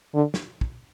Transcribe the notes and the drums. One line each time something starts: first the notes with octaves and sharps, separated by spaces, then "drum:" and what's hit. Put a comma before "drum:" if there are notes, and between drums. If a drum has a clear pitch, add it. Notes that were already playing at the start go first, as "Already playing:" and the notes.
D3
drum: snare
drum: kick